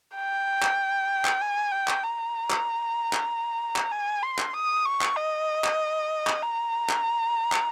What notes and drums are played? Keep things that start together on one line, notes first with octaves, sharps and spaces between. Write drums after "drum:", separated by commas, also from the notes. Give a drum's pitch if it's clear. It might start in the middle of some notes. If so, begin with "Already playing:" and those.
G5
drum: clap
drum: clap
G#5
G5
drum: clap
A#5
drum: clap
drum: clap
drum: clap
G#5
C6
drum: clap
D#6
C#6
drum: clap
D#5
drum: clap
drum: clap
A#5
drum: clap
drum: clap